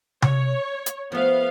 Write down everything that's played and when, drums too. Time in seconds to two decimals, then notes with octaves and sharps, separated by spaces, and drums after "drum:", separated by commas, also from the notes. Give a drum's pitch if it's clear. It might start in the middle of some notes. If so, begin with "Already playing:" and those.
0.22 C#5, drum: tom C3
0.86 drum: hi-hat
1.12 F3 A3 B3 F5